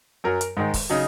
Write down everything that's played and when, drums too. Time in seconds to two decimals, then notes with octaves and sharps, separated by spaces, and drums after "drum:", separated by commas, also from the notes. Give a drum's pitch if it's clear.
0.24 F#2 F#3 A#4
0.41 drum: hi-hat
0.57 G#2 D#3 G#3
0.74 drum: kick, open hi-hat
0.90 C#3 F#3 D#4